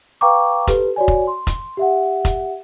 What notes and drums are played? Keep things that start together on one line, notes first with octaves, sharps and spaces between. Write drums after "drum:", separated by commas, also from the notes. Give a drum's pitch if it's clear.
B4 F5 G5 A#5 C#6 D6
G4 A4 B4 C5, drum: kick F1, hi-hat
F#4 C#5 D5 G#5
drum: kick F1
C6
drum: kick F1, hi-hat
G4 E5 F#5
drum: kick F1, hi-hat